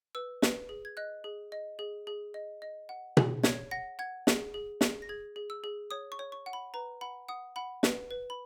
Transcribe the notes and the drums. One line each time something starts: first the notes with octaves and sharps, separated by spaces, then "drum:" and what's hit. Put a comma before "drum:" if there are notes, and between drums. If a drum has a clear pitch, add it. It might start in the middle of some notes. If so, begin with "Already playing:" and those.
B4 E6
B4, drum: snare
G#4
G#6
D#5 F#6
G#4
D#5
G#4
G#4
D#5
D#5
F#5
G#4, drum: tom B2
C#5 G#6, drum: snare
F#5 A#6
F#5 G#6
G#4, drum: snare
G#4
G#4, drum: snare
A#6
G#4 G#6
G#4
E6
G#4
C#5 D#6
C#6
C#5
C#6
F#5
B5
B4 A#5
F#5 B5
F#5 D#6
F#5 B5
B4, drum: snare
B4
B5